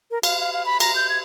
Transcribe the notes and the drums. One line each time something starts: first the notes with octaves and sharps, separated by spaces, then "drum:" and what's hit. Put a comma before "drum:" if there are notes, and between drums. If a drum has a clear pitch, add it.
A#4
F5, drum: cymbal
F5
F5
B5
A#5, drum: cymbal
G6
G#6